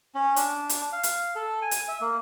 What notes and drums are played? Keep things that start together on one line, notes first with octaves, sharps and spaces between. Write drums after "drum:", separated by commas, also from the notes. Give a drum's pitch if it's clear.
C#4
D4, drum: hi-hat
drum: hi-hat
F5
drum: hi-hat
A4
G#5
drum: hi-hat
E5
A#3